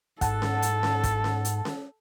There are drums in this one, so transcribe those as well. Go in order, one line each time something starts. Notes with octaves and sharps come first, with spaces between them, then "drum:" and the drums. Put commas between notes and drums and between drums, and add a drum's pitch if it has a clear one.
G#2 A4 F#5 A5, drum: kick, hi-hat
drum: snare C#4
drum: hi-hat
drum: snare C#4
drum: kick, hi-hat
drum: snare C#4
drum: hi-hat
drum: snare C#4